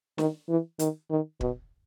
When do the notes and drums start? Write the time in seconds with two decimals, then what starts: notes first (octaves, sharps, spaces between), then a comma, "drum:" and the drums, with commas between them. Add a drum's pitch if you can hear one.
0.18 D#3, drum: snare
0.49 E3
0.79 D#3, drum: hi-hat
1.10 D#3
1.41 B2, drum: kick